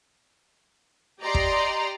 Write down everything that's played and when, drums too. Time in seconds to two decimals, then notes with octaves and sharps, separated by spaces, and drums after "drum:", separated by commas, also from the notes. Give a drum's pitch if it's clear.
1.21 G4 D5 D#5 A#5 C6
1.34 drum: kick